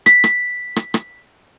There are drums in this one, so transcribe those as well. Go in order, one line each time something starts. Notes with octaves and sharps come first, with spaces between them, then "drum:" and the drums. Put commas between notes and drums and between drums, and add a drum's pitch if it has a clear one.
B6, drum: rim click
drum: rim click
drum: rim click
drum: rim click